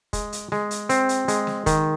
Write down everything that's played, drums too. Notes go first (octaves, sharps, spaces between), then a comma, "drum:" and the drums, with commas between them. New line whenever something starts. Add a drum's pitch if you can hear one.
G#3, drum: kick, hi-hat
drum: hi-hat
G#3, drum: snare
drum: hi-hat
C4, drum: hi-hat
drum: hi-hat
G#3, drum: hi-hat
drum: snare
D#3, drum: kick, hi-hat